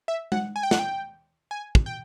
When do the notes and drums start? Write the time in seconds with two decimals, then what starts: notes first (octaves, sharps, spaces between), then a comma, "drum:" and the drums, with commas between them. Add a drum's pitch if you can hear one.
0.08 E5
0.32 F#5, drum: tom G#3
0.56 G#5
0.63 G5
0.71 F#5, drum: snare
0.79 G5
1.51 G#5
1.75 drum: kick
1.86 G5